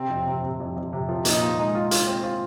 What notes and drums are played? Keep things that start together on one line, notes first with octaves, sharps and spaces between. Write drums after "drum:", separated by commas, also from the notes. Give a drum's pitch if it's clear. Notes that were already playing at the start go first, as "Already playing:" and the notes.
Already playing: C3 C4
F2
C3
C3
F2
F2
C3
F3
A#2 D#4, drum: hi-hat
F4
G#3
F4
F4, drum: hi-hat
C4
F4